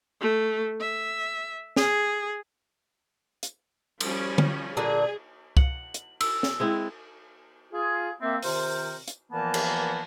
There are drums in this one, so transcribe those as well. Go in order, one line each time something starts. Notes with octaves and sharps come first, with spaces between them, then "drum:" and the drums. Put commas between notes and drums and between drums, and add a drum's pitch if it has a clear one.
A3
E5
G#4, drum: snare
drum: hi-hat
F3 G3 C#4, drum: cymbal
drum: tom D3
A#2 D3 G#4
F#5 F#7, drum: kick C2
drum: hi-hat
E6, drum: cymbal
drum: snare
G#3 C4 E4
F4 G#4
A#3 C4 E5
C3 D#3 F4 A#4 C5, drum: open hi-hat
drum: hi-hat
A#2 E3 F3 A#3 B3 A5
drum: cymbal